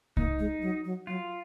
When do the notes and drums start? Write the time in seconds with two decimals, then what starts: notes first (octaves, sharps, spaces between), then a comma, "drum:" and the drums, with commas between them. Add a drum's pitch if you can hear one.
0.17 A#3 D#4, drum: kick C2
0.39 G#3
0.62 F#3
0.85 F#3
1.07 F#3 F4